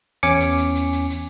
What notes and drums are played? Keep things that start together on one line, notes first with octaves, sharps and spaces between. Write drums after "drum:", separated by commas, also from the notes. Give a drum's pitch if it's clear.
E2 C#4 G#5 D6 C#7, drum: hi-hat
drum: hi-hat
drum: hi-hat
drum: hi-hat
drum: hi-hat
drum: hi-hat